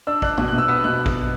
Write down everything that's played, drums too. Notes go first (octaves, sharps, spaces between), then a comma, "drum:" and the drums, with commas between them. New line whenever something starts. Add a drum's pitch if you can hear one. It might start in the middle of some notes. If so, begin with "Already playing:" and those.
D4 E6
D4 F#6, drum: kick A1
B2 F#6, drum: tom
F#6
B2
E6
B3 E6
B2 F#6
drum: kick A1